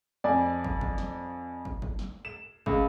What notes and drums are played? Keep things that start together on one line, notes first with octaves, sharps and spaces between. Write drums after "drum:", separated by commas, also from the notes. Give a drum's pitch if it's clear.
F2 D5 G#5
drum: kick
drum: kick
drum: snare
drum: kick
drum: kick
drum: snare
E7
C#2, drum: kick